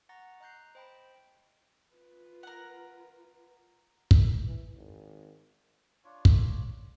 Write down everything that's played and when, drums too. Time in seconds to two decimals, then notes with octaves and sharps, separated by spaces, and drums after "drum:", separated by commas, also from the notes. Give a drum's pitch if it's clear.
0.09 F#5 A#5 C#6 A6 A#6
0.40 D#5 A#5 F#6 G6 C7
0.75 C5 D#5 G5 A5 B5
1.14 G5
1.93 F4 B4
2.43 A#4 F#5
4.11 drum: kick
4.44 E3
4.77 G#1
6.05 D4 F4 C#5
6.25 drum: kick